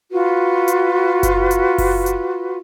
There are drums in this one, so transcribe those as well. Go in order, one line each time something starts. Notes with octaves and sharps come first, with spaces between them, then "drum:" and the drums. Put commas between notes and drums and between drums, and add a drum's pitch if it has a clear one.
F4 F#4 B4
drum: hi-hat
drum: kick F#1, hi-hat
drum: hi-hat
drum: kick F#1, open hi-hat
drum: hi-hat